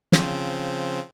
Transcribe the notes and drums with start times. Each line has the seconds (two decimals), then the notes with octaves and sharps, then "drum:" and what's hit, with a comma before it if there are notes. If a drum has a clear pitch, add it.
0.12 C#3 F3 C4, drum: snare